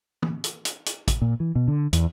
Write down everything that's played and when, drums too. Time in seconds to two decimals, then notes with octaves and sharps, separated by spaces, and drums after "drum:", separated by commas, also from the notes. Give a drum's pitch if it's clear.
0.22 drum: tom
0.44 drum: hi-hat
0.65 drum: hi-hat
0.86 drum: hi-hat
1.08 drum: kick A1, hi-hat
1.22 A#2
1.40 E3
1.55 B2
1.68 D3
1.93 E2, drum: hi-hat